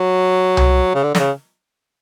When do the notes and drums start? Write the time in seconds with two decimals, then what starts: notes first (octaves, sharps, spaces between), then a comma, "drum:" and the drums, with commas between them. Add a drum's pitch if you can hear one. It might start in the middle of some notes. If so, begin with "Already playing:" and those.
Already playing: F#3
0.57 drum: tom C2
0.95 C#3
1.03 D3
1.15 D3, drum: snare
1.19 C#3